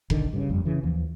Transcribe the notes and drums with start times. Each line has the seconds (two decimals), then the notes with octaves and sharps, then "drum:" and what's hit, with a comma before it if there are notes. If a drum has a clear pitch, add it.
0.10 B1 D3 D#3, drum: kick F1
0.33 G2 C#3
0.49 F#1 F2 G3
0.65 C#3 E3
0.83 D#2 E3 F3